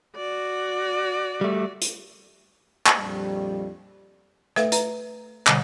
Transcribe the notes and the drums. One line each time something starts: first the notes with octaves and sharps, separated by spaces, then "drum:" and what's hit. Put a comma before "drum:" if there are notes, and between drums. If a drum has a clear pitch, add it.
F#4 D5
G3 A3
drum: hi-hat
drum: clap
A#1 F2 G3
A3 A4 B4 E5 F5, drum: rim click
B4 A#5, drum: hi-hat
B2 D3 G3, drum: clap